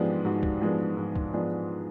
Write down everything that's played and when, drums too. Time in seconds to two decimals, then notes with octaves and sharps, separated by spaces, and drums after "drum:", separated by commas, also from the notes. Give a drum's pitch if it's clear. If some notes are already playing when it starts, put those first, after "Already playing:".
Already playing: G#2 F3 G#3 B3 D4 G4
0.25 G#2 F#4
0.43 drum: kick
0.62 F3 G#3 B3 D4
0.97 G#2
1.16 drum: kick
1.33 F3 G#3 B3 D4